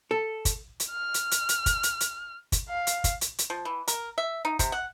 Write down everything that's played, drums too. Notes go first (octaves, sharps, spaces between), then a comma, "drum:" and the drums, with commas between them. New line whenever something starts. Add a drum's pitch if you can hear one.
A4
drum: kick, hi-hat
drum: hi-hat
F6
drum: hi-hat
drum: hi-hat
drum: hi-hat
drum: kick, hi-hat
drum: hi-hat
drum: hi-hat
drum: kick, hi-hat
F5
drum: hi-hat
drum: kick, hi-hat
drum: hi-hat
drum: hi-hat
F3
E3
A#4, drum: hi-hat
E5
D#4
C3, drum: kick, hi-hat
F#5